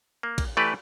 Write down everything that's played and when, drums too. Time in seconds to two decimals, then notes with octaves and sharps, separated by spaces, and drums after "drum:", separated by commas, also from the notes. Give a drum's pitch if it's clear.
0.23 A#3
0.38 drum: kick A1, cymbal
0.57 E3 A3 G4 B4 D5